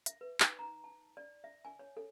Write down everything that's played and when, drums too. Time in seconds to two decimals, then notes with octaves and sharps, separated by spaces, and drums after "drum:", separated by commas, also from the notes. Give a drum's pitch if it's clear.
0.06 E5, drum: hi-hat
0.21 B4
0.40 D#4, drum: clap
0.59 A#5
0.84 A5
1.17 D5
1.44 E5
1.65 G#5
1.79 C#5
1.97 A4